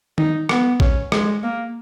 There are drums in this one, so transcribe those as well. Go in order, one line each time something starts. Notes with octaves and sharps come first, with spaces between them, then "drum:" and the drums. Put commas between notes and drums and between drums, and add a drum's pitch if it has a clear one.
D#4, drum: tom D#3
B3, drum: rim click
C#4, drum: kick A1
G#3, drum: rim click
A#3